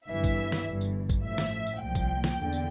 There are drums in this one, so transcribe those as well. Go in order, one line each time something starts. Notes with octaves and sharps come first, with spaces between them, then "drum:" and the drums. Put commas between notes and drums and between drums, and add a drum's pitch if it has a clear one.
G1 G2 E3 E5
drum: kick, tambourine
drum: snare
G1 G2 E3
drum: tambourine
drum: kick, tambourine
A1 A2 F3 E5
drum: snare
drum: tambourine
C2 A#2 F3 G5
drum: kick, tambourine
drum: snare
E2 D3
drum: tambourine